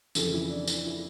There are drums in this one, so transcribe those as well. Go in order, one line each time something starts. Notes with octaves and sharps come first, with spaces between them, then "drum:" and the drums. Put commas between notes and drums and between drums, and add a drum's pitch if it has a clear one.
F2 C#3 E3 A4, drum: tambourine
E4
D4
D4, drum: tambourine
E4